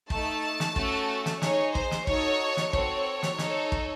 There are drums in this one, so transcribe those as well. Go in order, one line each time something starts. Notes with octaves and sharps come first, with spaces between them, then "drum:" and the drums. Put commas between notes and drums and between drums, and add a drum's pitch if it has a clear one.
A3 D#4 A4 A5, drum: kick
drum: snare
A3 C#4 F#4 A4, drum: kick
drum: snare
D#4 G#4 C#5, drum: snare
C5, drum: kick
drum: snare
D#4 F#4 A4 C#5, drum: kick
drum: snare
C4 F#4 A4 C#5, drum: kick
drum: snare
D#4 A4, drum: snare
drum: kick